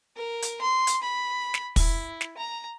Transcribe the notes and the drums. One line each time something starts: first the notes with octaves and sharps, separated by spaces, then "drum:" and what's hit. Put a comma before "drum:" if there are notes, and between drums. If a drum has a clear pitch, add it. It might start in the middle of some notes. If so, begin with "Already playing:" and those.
A#4
drum: hi-hat
C6
drum: hi-hat
B5
drum: snare
E4, drum: kick, open hi-hat
drum: snare
A#5